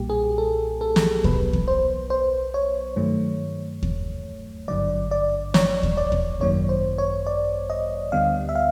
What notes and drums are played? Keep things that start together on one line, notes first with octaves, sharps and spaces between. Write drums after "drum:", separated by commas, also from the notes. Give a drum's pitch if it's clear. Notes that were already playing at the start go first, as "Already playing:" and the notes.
Already playing: B1 A#2 G3 A#3 G4
G#4
A4
A4
drum: snare
B1 B2 F#3 B3 B4, drum: kick D#2
drum: kick D#2
C5
C5
C#5
G2 D#3 F#3 A3
drum: kick D#2
G#1 G2 D3 F#3 D5
D5
C#5, drum: snare
drum: kick D#2
D5
drum: kick D#2
G#1 F#2 D#3 F#3 A#3 C#5
C5
C#5
D5
D#5
D2 D3 G3 B3 F5
E5
F5